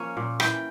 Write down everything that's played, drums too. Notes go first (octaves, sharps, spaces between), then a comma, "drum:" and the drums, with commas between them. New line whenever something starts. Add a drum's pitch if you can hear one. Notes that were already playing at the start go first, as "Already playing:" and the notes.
Already playing: F3 A#3 C#4
A#2
E3 G5, drum: rim click